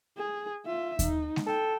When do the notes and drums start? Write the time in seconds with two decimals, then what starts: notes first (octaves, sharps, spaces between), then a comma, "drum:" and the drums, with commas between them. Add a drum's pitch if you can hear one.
0.17 G#4
0.66 F4 E5
0.99 D#4, drum: kick D#2, hi-hat
1.36 drum: snare G#3
1.47 A4 G5